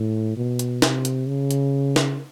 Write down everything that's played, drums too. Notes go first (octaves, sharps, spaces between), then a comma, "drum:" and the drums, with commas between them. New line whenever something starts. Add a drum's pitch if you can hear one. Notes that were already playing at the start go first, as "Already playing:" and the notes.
Already playing: A2
B2
drum: hi-hat
C3, drum: snare
drum: hi-hat
C#3
drum: hi-hat
drum: snare